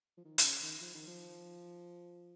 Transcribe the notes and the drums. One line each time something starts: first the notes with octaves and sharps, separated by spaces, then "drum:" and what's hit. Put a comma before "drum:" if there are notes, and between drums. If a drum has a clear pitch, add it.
F3
D#3
D#3, drum: hi-hat
C#3
D#3
F3
D#3
F3